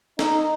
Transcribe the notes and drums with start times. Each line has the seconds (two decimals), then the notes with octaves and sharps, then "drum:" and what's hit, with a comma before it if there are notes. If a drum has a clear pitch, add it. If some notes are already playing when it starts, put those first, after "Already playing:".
0.19 D#4, drum: snare